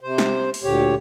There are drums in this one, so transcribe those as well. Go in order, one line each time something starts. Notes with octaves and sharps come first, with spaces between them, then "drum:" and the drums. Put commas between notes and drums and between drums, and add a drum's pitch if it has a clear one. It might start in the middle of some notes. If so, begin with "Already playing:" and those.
C3 C5
drum: snare
drum: open hi-hat
D2 A#2 D3 G4 C#5